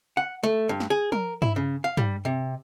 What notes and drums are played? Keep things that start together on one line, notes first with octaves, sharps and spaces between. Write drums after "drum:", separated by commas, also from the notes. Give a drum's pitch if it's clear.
F#5
A3
G2
drum: snare
G#4
A#4, drum: tom
E4, drum: tom G2
C#3
F5
G3, drum: tom G2
C3